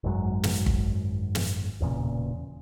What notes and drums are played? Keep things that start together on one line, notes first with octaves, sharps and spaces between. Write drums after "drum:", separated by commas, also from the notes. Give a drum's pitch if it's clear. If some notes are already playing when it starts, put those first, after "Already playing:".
G#1 F#2 F#3 G#3
drum: snare
drum: kick
drum: snare
E1 E2 A#2 C#3